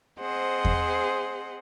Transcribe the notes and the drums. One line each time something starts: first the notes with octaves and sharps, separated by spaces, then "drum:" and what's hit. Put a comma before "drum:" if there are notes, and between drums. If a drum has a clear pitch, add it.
C4 G#4 C5 D#5 F#5
drum: kick E2